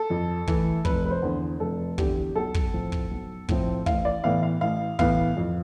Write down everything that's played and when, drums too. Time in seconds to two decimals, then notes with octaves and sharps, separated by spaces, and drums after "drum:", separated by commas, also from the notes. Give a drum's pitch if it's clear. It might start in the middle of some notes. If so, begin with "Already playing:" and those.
Already playing: A4
0.10 F2
0.47 E3 A3, drum: kick
0.85 F1 B4, drum: kick
1.05 B4
1.10 C5
1.22 E2 D3
1.60 F1 A4
1.98 E2 D3 G4, drum: kick
2.36 B1 A4
2.54 drum: kick
2.73 A2 F3 C4
2.92 drum: kick
3.11 B1
3.49 A2 F3 C4, drum: kick
3.86 A1 F5, drum: kick
4.05 D5
4.24 A2 E3 B3 F5
4.43 F5
4.61 A1 F5
4.99 A2 E3 B3 F5, drum: kick
5.37 F2